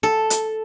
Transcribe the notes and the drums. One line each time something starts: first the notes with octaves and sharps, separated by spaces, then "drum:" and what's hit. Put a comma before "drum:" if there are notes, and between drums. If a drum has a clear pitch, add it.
A4
drum: hi-hat